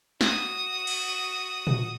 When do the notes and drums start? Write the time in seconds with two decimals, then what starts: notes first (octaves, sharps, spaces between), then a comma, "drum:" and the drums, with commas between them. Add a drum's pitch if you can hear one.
0.21 F#4 D#6, drum: snare
0.87 drum: cymbal
1.67 drum: tom A#2